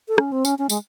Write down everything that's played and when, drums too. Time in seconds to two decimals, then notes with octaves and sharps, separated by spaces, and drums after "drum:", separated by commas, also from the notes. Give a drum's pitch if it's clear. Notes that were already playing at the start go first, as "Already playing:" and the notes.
0.08 A4
0.18 C#4, drum: rim click
0.32 C4
0.45 C#4, drum: tambourine
0.59 C#4
0.70 G#3, drum: tambourine